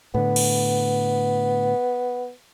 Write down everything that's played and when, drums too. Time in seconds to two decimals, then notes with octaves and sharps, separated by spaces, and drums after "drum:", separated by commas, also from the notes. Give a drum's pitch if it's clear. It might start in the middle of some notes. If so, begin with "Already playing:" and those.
0.14 A2 D3 B3
0.36 drum: cymbal